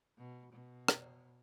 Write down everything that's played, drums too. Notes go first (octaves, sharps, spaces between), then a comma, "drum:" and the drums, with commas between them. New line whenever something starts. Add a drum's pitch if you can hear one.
B2
B2
drum: rim click